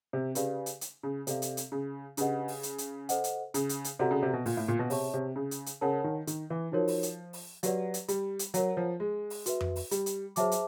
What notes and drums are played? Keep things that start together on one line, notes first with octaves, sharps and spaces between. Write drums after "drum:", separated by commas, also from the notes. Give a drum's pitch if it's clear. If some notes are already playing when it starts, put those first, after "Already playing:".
C3
C#3 G4 B4 D5 F5, drum: hi-hat
drum: hi-hat
drum: hi-hat
C#3
C3 A4 D5 F5, drum: hi-hat
drum: hi-hat
drum: hi-hat
C#3
C#3 D4 G4 B4 D#5 F#5, drum: hi-hat
drum: open hi-hat
drum: hi-hat
drum: hi-hat
A4 C5 D#5 F#5, drum: hi-hat
drum: hi-hat
C#3, drum: hi-hat
drum: hi-hat
drum: hi-hat
C3 F#4 A4 D5 F#5 A#5
C#3
C3
B2
A#2, drum: open hi-hat
A2
A#2
B2
C3 G#4 C#5 E5 A5 C#6, drum: open hi-hat
C3
C#3
drum: hi-hat
drum: hi-hat
C#3 A#4 C#5 F#5 A5
D#3
D#3, drum: hi-hat
E3
F3 D#4 F#4 A#4 C#5
drum: open hi-hat
drum: hi-hat
drum: open hi-hat
F#3 G4 B4 D5 F#5, drum: hi-hat
drum: hi-hat
G3, drum: hi-hat
drum: hi-hat
F#3 A#4 C#5 F#5 A#5, drum: hi-hat
F3
G#3
drum: open hi-hat
F#4 B4 E5, drum: hi-hat
drum: tom F2
drum: open hi-hat
G3, drum: hi-hat
drum: hi-hat
F#3 G#4 C5 E5 A5 D6, drum: hi-hat
drum: hi-hat